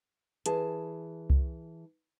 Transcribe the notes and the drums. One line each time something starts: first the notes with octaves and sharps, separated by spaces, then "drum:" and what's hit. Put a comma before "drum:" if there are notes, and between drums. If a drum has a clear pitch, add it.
E3 G#4 A5, drum: hi-hat
drum: kick C2